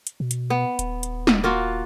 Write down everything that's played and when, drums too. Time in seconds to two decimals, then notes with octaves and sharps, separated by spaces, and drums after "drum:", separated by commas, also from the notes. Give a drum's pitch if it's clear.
0.07 drum: hi-hat
0.20 B2
0.31 drum: hi-hat
0.50 B3
0.79 D#1, drum: hi-hat
1.03 drum: hi-hat
1.27 drum: snare
1.44 A#3 F4 F#4